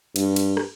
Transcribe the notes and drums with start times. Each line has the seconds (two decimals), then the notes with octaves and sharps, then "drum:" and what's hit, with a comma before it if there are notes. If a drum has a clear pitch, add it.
0.16 G2, drum: cymbal
0.36 drum: cymbal
0.57 drum: rim click